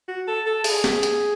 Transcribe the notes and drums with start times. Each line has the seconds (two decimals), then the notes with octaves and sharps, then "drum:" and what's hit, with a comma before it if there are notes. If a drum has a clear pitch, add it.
0.08 F#4
0.27 A4
0.46 A4
0.64 G#4, drum: open hi-hat
0.84 drum: snare
1.03 drum: hi-hat